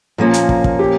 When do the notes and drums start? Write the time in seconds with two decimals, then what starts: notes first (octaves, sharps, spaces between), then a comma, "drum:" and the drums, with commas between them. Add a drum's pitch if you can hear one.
0.18 A#2 F3 A#3 C#4 F4
0.34 drum: hi-hat
0.49 drum: kick
0.64 drum: kick
0.79 G4